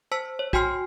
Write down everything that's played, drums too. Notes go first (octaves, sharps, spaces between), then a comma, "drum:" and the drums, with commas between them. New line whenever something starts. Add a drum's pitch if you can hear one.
C5 A5 E6 B6
C#5
F#4 G5 G#5 C6 F6 C7, drum: kick